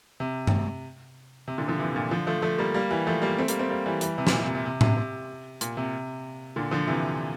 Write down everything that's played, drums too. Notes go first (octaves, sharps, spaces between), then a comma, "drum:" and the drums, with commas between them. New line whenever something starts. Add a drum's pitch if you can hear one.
C3
drum: tom G2
C3
A#2 D3
D3 F3
C3 E3
A#2 D3
D3 F3
F3 A3
F3 A3
G3 A#3
G3 A#3
E3 G3
F3 A3
G3 A#3
A3 C4
G3 A#3, drum: hi-hat
A3 C4
G3 A#3
E3 G3
E3 G3, drum: hi-hat
C3 E3
A#2, drum: snare
C3
C3
C3
C3
C3, drum: tom A2
C3
A#2, drum: hi-hat
C3
A#2 D3
D3 F3
C3 E3